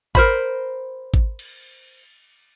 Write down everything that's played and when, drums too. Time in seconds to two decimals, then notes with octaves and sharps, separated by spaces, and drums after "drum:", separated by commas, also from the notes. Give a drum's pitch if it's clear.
0.15 A#4 C5 B5, drum: kick G#1
1.14 drum: kick G#1
1.39 drum: cymbal